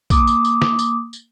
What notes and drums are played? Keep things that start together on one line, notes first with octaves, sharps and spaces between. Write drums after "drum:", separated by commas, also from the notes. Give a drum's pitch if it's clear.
A#3 D6 D#6, drum: kick A#1, tambourine
drum: tambourine
drum: tambourine
drum: snare
drum: tambourine
drum: tambourine